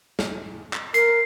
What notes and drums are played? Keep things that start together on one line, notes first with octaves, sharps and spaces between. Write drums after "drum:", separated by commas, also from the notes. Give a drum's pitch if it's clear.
drum: snare
drum: clap
A#4 C7, drum: hi-hat